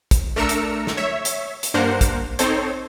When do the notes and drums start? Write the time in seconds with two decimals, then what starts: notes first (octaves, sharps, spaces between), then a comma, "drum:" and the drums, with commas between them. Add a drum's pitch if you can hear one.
0.11 drum: kick, hi-hat
0.36 A3 D4 A#4 A#5 E6 C#7
0.49 drum: hi-hat
0.87 drum: snare
0.97 C#5 E5
1.25 drum: hi-hat
1.63 drum: hi-hat
1.74 G2 A#3 D4 A#4 C5 F#5
2.01 drum: kick, hi-hat
2.39 C4 D#4 A4 C5 C#5, drum: hi-hat